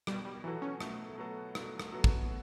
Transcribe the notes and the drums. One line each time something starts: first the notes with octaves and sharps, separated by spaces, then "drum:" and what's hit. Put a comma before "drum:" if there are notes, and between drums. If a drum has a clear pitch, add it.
B2 G3, drum: rim click
G3
E3 F#3 B3 F#4 A4
C#4
B2 A3, drum: rim click
F#3 B3 F#4 A4
B2, drum: rim click
drum: rim click
F#3 B3 F#4 A4
drum: kick